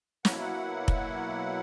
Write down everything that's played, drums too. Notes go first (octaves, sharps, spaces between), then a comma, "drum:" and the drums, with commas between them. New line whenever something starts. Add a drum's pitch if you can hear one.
B2 F#3 A#3 E4 F#5, drum: snare
F#5
drum: kick